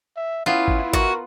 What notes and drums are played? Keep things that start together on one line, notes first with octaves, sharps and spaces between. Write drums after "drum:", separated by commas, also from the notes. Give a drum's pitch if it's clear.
E5
B3 C#4 E4 F4
drum: kick G#1
F#4 A#4, drum: kick G#1